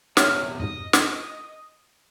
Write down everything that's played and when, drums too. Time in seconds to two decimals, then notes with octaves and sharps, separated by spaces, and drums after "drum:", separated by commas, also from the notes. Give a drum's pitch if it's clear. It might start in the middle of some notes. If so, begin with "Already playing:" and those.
0.17 E2 C3 G4 C#5 D5 E5 F6, drum: snare
0.60 F2 G#2 C3 D#5
0.93 drum: snare